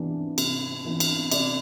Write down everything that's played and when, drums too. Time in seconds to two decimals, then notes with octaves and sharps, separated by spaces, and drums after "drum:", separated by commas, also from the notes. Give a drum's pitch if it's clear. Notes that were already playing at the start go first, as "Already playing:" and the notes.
Already playing: C3 E3 B3 D4
0.38 C3, drum: cymbal
0.85 E3 B3 D4
1.00 drum: cymbal
1.32 C3 D5, drum: cymbal